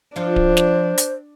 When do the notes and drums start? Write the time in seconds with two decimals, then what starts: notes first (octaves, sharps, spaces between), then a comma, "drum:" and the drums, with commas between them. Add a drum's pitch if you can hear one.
0.16 F3 D4 F4 C5
0.36 drum: kick D1
0.57 drum: snare
0.98 drum: hi-hat